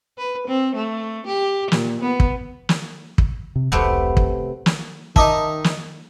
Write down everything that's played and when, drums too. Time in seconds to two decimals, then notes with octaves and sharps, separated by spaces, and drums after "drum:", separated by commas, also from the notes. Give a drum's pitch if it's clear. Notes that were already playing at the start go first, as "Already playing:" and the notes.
0.18 B4
0.47 C4
0.76 A3
1.27 G4
1.72 A#2, drum: snare
2.02 B3
2.20 drum: kick
2.69 drum: snare
3.18 drum: kick
3.56 C3
3.72 E1 C2 C3 A3 B3
4.17 drum: kick
4.66 drum: snare
5.16 D#3 D#4 D#5 E5 A5 D6, drum: kick
5.64 drum: snare